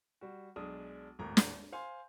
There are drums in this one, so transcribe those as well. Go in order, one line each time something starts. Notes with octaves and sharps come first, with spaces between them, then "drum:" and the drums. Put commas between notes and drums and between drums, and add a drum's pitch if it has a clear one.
G3 F#4
B1 G#3 D4 D#6
G#1 D#2 A2 A#5
drum: snare
C5 F5 G#5 C6